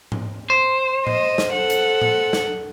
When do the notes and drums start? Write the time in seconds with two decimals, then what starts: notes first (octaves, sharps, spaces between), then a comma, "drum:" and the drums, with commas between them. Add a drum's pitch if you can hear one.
0.12 drum: tom G#2
0.50 C5
1.07 D#5, drum: tom A2
1.38 drum: snare
1.54 A4 F#5
1.70 drum: hi-hat
2.01 drum: tom A2
2.33 drum: snare